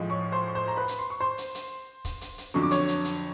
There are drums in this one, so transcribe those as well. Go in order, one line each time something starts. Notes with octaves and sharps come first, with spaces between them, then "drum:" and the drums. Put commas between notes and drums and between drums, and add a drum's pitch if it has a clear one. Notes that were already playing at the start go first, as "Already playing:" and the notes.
Already playing: A2 F3 G#3
C#5 C#6
C5 C6
C#6
C5 C6
A#5
B4 B5
drum: hi-hat
C6
C#6
C5 C6
drum: hi-hat
drum: hi-hat
drum: kick, hi-hat
drum: hi-hat
drum: hi-hat
F2 D3 F#3 C#6
D6
C#5 C#6, drum: hi-hat
drum: hi-hat
drum: hi-hat